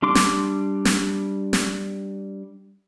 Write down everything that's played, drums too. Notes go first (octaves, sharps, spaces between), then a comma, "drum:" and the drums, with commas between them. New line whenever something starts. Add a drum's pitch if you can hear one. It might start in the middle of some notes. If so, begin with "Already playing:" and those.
G3 D4 C6 D6
drum: snare
drum: snare
drum: snare